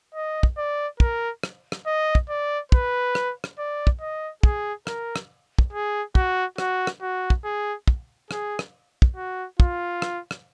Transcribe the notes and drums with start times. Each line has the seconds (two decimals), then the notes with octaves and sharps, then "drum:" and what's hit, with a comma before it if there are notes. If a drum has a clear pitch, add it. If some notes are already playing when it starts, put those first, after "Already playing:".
0.15 D#5
0.43 drum: kick
0.58 D5
1.00 A#4, drum: kick
1.43 drum: rim click
1.72 drum: rim click
1.86 D#5
2.15 drum: kick
2.30 D5
2.72 B4, drum: kick
3.15 drum: rim click
3.44 drum: rim click
3.59 D5
3.87 drum: kick
4.01 D#5
4.43 G#4, drum: kick
4.87 A#4, drum: rim click
5.16 drum: rim click
5.59 drum: kick
5.73 G#4
6.15 F#4, drum: kick
6.58 F#4, drum: rim click
6.87 drum: rim click
7.02 F#4
7.30 drum: kick
7.45 G#4
7.88 drum: kick
8.31 G#4, drum: rim click
8.59 drum: rim click
9.02 drum: kick
9.16 F#4
9.60 F4, drum: kick
10.02 drum: rim click
10.31 drum: rim click